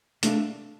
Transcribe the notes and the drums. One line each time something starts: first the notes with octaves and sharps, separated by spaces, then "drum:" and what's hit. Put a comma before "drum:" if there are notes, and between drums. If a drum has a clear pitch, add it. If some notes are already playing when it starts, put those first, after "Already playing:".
C3 A3 D4 A4 F5, drum: hi-hat